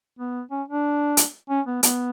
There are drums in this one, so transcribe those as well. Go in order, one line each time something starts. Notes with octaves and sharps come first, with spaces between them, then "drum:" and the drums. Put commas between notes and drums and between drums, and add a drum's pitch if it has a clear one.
B3
C#4
D4
drum: hi-hat
C#4
B3
B3, drum: hi-hat